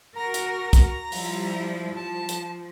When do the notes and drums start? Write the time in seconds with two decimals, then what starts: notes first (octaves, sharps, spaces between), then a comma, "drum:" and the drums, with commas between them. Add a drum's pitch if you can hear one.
0.16 F#4 A#4 A#5
0.34 drum: hi-hat
0.73 drum: kick, hi-hat
1.12 F3 G3 E4, drum: open hi-hat
1.96 F3 A5
2.29 drum: hi-hat